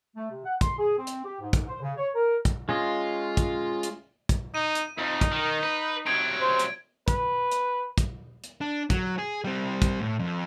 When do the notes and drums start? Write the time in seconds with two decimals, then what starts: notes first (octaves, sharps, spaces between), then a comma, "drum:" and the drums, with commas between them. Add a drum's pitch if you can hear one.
0.16 A3
0.31 C3
0.45 F#5
0.61 C6, drum: kick, hi-hat
0.79 G#4
0.98 C4
1.07 drum: hi-hat
1.25 G4
1.41 G#2
1.53 drum: kick, hi-hat
1.68 C5
1.82 C#3
1.97 C#5
2.14 A#4
2.45 drum: kick, hi-hat
2.69 G#3 C#4 F4 D#5
3.37 drum: kick, hi-hat
3.83 drum: hi-hat
4.29 drum: kick, hi-hat
4.54 D#4 D#7
4.75 drum: hi-hat
4.98 F2 D#4
5.21 drum: kick, hi-hat
5.32 D#3
5.63 B4
6.07 C3 F#3 G#6 D7
6.41 C5
6.59 drum: hi-hat
7.08 B4, drum: kick, hi-hat
7.52 drum: hi-hat
7.98 drum: kick, hi-hat
8.44 drum: hi-hat
8.61 D4
8.90 F#3, drum: kick, hi-hat
9.18 G#4
9.44 G3 C4
9.82 drum: kick, hi-hat
10.00 A2
10.19 F2